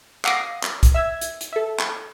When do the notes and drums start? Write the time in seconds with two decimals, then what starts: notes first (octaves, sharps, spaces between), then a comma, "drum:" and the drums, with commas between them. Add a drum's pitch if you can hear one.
0.25 F5 F#5 D6 D#6 A#6 C7, drum: clap
0.63 drum: clap
0.83 drum: kick, hi-hat
0.94 E5 E6 G#6
1.21 drum: hi-hat
1.41 drum: hi-hat
1.53 A4 E5
1.79 drum: clap